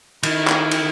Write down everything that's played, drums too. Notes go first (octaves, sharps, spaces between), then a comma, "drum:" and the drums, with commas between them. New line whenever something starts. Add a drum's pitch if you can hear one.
D#3 E4 A#4, drum: cymbal
drum: clap
drum: cymbal